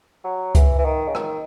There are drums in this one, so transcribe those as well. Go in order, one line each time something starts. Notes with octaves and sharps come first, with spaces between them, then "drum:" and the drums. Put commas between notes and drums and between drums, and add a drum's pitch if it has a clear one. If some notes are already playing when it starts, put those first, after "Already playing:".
F#3
E3, drum: kick C#2, hi-hat
E3
D#3
C#3
D#3, drum: rim click